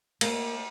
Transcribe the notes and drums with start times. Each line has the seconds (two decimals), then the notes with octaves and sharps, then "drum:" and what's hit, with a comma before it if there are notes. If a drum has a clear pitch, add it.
0.21 A#3, drum: cymbal